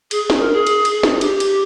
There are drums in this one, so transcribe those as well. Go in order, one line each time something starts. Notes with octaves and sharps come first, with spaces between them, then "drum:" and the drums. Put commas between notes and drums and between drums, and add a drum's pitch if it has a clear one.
G#4, drum: cymbal
drum: snare
A#4
G#4
drum: cymbal
drum: cymbal
drum: snare
G#4
G4, drum: cymbal
drum: cymbal